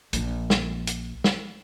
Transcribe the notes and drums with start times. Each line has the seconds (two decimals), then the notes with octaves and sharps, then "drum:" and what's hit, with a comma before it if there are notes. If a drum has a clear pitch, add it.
0.13 A#1 F3, drum: hi-hat
0.50 drum: snare
0.87 drum: hi-hat
1.24 drum: snare